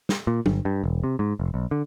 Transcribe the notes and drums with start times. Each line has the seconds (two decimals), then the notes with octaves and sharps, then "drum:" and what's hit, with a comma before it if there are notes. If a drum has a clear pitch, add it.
0.09 drum: snare
0.27 A#2
0.46 G1, drum: tom
0.65 G2
0.84 E1
1.04 C3
1.19 G#2
1.40 F1
1.54 B1
1.71 D3